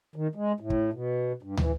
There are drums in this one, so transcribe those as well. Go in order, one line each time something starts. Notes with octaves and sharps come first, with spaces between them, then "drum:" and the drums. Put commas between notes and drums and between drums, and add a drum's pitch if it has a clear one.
D#3
G#3
A2
drum: kick
B2
G2
E3, drum: tom